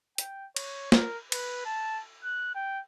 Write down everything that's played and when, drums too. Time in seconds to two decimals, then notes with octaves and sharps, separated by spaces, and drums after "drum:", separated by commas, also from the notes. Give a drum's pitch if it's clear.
0.18 G5, drum: hi-hat
0.56 C#5, drum: cymbal
0.92 A#4, drum: snare
1.32 B4, drum: cymbal
1.65 A5
2.24 F#6
2.55 G5